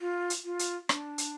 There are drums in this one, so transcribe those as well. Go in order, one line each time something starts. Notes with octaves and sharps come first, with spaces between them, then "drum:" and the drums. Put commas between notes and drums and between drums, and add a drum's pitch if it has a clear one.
F4
drum: hi-hat
F4
drum: hi-hat
D4, drum: rim click
drum: hi-hat